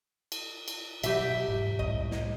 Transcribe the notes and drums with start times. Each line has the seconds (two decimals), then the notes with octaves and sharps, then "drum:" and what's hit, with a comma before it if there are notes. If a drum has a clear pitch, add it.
0.32 drum: cymbal
0.68 drum: cymbal
1.03 B2 F#3 G4 E5, drum: cymbal
1.47 E1 G#2
1.79 C2 F2 A2 D#5
2.11 drum: snare